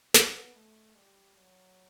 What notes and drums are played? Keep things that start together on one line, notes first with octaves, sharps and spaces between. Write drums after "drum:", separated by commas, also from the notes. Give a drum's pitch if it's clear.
B3, drum: snare
A3
G3
F#3